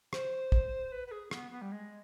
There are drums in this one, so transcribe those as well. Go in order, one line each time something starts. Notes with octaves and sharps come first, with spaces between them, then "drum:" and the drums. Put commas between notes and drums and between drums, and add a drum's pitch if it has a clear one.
C5, drum: rim click
drum: kick
B4
B4
G#4
B3, drum: rim click
B3
G3
G#3